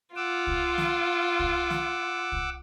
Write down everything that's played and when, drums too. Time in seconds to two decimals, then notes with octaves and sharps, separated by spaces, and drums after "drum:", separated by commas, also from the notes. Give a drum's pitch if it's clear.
0.16 F4 F#5 D6 E6
0.47 drum: kick
0.78 drum: snare
1.39 drum: kick
1.70 drum: snare
2.32 drum: kick